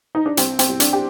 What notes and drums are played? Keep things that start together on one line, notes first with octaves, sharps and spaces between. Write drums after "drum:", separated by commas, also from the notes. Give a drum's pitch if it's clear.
D#4
D4
C2 C4, drum: hi-hat
C4, drum: hi-hat
C2
D4, drum: hi-hat
G4